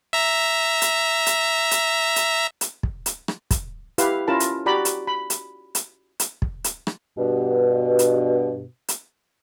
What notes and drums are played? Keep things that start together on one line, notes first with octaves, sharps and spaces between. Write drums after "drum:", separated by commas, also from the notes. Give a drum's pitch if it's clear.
E5 A#5
drum: hi-hat
drum: hi-hat
drum: hi-hat
drum: hi-hat
drum: hi-hat
drum: kick
drum: hi-hat
drum: rim click
drum: kick, hi-hat
E4 G4 B4 F5, drum: hi-hat
C#4 E4 F4 A#4 A5 B5
drum: hi-hat
F#4 G4 D5 A#5 B5
drum: hi-hat
B5
drum: hi-hat
drum: hi-hat
drum: hi-hat
drum: kick
drum: hi-hat
drum: rim click
G2 B2
drum: hi-hat
drum: hi-hat